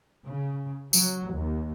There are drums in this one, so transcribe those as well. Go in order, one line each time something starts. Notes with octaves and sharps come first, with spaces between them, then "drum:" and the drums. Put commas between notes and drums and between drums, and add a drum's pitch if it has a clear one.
C#3
F#3, drum: tambourine
D#2